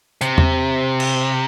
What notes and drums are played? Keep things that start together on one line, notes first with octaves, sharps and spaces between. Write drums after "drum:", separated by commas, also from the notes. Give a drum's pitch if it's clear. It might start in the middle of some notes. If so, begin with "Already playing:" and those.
C3, drum: hi-hat
drum: tom E2
drum: cymbal